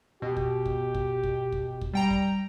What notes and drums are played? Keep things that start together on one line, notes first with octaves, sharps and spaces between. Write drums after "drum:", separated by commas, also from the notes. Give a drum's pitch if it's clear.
B2 G4
drum: kick
drum: kick
drum: kick
drum: kick
drum: kick
drum: kick
G3 G5 A#5
drum: kick